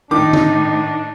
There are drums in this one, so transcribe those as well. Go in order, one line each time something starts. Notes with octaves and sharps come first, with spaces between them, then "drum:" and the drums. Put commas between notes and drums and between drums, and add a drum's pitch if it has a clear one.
A2 D#3 D4 D#4 D6
drum: tom D3